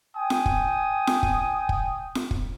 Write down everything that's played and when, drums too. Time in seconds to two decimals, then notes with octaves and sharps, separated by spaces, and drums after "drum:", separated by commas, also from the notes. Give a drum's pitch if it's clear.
0.15 G5 G#5 D#6
0.30 drum: snare F4
0.46 drum: kick
1.07 drum: snare F4
1.23 drum: kick
1.69 drum: kick
2.15 drum: snare F4
2.31 drum: kick